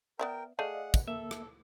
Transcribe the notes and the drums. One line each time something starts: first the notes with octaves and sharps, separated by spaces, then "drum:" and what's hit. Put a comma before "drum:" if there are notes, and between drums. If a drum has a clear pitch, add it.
B3 A#4 D5 E5 G5
A3 G#4 D5 D#5 F5 F#5
drum: kick, tambourine
A#3 A4 E5
drum: rim click